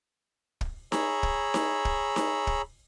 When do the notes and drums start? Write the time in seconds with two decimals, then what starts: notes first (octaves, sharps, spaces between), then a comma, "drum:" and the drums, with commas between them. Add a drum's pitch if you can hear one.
0.61 drum: kick
0.92 G#4 C#5 A#5 B5 E6, drum: snare D#4
1.23 drum: kick
1.54 drum: snare D#4
1.85 drum: kick
2.16 drum: snare D#4
2.47 drum: kick